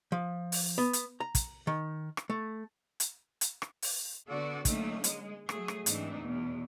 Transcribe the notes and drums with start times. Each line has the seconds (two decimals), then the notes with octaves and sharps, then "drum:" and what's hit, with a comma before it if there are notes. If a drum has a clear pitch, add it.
0.12 F3
0.52 drum: open hi-hat
0.78 B3
0.93 drum: hi-hat
1.20 A#5
1.35 drum: kick, hi-hat
1.67 D#3
2.17 drum: rim click
2.30 A3
3.00 drum: hi-hat
3.41 drum: hi-hat
3.62 drum: rim click
3.82 drum: open hi-hat
4.29 D3 B3 F#4 A4 D5
4.65 D3 F#3 A3 A#3 C#4 D#4, drum: kick, hi-hat
5.04 G#3, drum: hi-hat
5.49 F#3 A3 G#4, drum: rim click
5.68 drum: rim click
5.86 G#2 E3 A3 C4 D4 D#4, drum: hi-hat
6.23 E2 B2